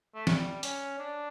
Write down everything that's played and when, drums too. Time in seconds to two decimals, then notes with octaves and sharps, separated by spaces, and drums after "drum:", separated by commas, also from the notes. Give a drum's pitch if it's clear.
0.15 A3
0.27 G3, drum: snare
0.63 C#4, drum: hi-hat
0.98 D4